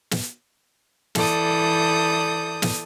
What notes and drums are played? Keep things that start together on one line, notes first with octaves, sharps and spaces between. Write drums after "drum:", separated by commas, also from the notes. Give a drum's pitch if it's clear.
drum: snare
E3 A4 D5 D#6 G6, drum: snare
drum: snare